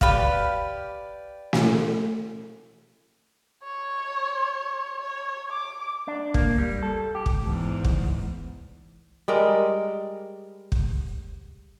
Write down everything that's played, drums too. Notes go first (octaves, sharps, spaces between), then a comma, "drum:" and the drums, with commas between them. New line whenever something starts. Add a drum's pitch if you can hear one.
G4 B4 D5 F5, drum: kick
drum: snare
C#5
C#5
D6
D4
A#3, drum: kick
G3
A4
G4
drum: kick
E2 G#2
drum: kick
G3 G#3 A#4
drum: kick